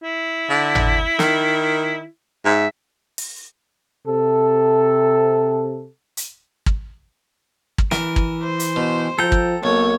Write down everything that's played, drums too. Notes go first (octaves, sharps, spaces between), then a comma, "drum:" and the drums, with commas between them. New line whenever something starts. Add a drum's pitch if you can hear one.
E4
D3
drum: tom G#1
D#3, drum: snare
G#2 E5
drum: open hi-hat
C3 A4
drum: hi-hat
drum: kick
drum: kick
E3 A#4, drum: snare
drum: kick
C5
drum: hi-hat
B2
F3 A4 G5 A#5
drum: kick
B1 A#3 C#5